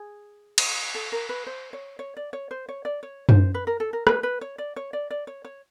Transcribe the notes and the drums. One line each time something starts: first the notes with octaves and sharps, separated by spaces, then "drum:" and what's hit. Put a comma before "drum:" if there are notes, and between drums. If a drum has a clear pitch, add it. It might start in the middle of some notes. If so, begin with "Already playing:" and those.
Already playing: G#4
drum: cymbal
A4
A#4
B4
C5
C#5
C#5
D5
C#5
C5
C#5
D5
C#5
C5, drum: tom F#2
B4
A#4
A4
A#4
B4, drum: rim click
B4
C#5
D5
C#5
D5
D5
C#5
C#5